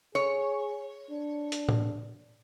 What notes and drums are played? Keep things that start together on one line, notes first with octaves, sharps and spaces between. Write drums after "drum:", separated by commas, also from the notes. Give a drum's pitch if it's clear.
G#4 C#5
D4
drum: hi-hat
drum: tom A2